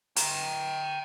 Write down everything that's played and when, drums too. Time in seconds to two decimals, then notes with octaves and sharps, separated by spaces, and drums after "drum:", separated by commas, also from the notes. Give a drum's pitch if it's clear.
0.16 G5 A#5, drum: hi-hat